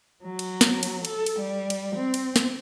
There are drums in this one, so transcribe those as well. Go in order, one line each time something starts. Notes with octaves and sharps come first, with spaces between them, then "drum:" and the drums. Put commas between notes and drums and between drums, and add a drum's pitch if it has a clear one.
F#3
drum: cymbal
drum: snare
drum: cymbal
A4, drum: cymbal
drum: cymbal
G3
drum: cymbal
C4
drum: cymbal
drum: snare